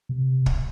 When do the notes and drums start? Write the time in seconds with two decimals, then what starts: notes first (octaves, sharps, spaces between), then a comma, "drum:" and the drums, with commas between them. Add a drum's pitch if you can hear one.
0.09 C3
0.46 drum: kick